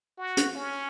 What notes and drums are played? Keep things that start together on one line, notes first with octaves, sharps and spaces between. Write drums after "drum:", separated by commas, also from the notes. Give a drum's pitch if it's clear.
F#4
drum: hi-hat
C#4